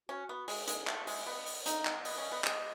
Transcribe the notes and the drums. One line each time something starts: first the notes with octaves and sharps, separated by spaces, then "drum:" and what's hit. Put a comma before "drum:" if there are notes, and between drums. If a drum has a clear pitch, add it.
C#4 F#4
B3
G#3 G#4, drum: open hi-hat
G#3, drum: hi-hat
A3 E5, drum: clap
G#3, drum: open hi-hat
B3 D#5
drum: open hi-hat
C#5
D#4 D#5, drum: hi-hat
drum: clap
B3 D#5, drum: open hi-hat
C#4
B3
G#3, drum: clap